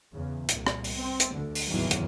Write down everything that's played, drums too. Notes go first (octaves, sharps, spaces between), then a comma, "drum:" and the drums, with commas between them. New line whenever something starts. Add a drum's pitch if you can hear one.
E2 C#3
C2 A#2, drum: hi-hat
drum: rim click
drum: open hi-hat
C4
drum: hi-hat
D2 D3
drum: open hi-hat
F#1 E2 A2 D#3 E3 F#3
drum: hi-hat